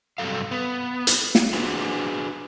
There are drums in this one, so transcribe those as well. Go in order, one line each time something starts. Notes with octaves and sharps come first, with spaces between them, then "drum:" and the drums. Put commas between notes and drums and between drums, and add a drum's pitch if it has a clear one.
G2 C3 E3 F#3 A4 F5
B3
drum: hi-hat
drum: snare
D4 F#4 G#4 B4 C5